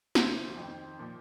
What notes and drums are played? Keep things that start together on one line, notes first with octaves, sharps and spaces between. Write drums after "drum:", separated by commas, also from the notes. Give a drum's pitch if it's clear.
D2 C3 F3 C5, drum: snare
F2 D#3
A#2 F3